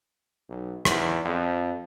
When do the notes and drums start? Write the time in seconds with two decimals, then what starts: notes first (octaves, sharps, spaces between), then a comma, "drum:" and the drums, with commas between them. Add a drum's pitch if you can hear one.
0.49 B1
0.85 E2, drum: rim click
1.25 F2